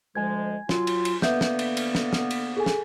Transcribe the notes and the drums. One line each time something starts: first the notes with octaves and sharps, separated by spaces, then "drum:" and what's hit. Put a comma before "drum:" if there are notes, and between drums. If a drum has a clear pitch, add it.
D2 F3 G#3 G#5 G#6
F#3 F4, drum: snare
drum: cymbal
drum: cymbal
D3 A#3 B3 B4 E5 G6, drum: snare
drum: snare
drum: cymbal
drum: cymbal
drum: snare
drum: snare
drum: cymbal
G#4 A4 G#5
drum: snare